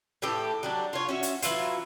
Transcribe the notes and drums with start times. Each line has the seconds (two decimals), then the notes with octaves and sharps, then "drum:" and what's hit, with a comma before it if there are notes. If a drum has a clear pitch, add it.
0.22 A2 E3 G4 A4
0.63 F#3 G3 D4
0.93 F4 C#5
1.09 C#4 F#4 E5
1.23 drum: hi-hat
1.42 E3 F#3 E4 F4, drum: hi-hat